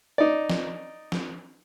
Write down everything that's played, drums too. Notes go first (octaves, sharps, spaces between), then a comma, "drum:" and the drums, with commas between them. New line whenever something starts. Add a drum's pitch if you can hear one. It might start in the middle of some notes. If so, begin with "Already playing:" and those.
D#4 D5
drum: snare
drum: snare